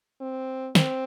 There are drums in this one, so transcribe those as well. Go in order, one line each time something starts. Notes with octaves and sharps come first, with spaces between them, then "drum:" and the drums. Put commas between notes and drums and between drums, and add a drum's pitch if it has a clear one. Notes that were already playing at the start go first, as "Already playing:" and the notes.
C4
C4, drum: snare